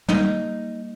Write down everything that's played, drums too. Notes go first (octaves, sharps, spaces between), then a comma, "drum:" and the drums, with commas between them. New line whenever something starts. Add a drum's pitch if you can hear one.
G3 A#3 D#4, drum: tom